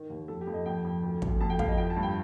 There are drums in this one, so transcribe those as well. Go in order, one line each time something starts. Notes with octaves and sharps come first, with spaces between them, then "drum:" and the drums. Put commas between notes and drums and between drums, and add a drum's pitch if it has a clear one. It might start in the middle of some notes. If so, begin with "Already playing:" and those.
Already playing: D#3
D#2
F2 A4
G4
F2
D#5
F2 G5
F2
D2
D2, drum: kick
F2 A5
G5
F2 F5, drum: kick
D#5
F3 G5
A5
G2
G5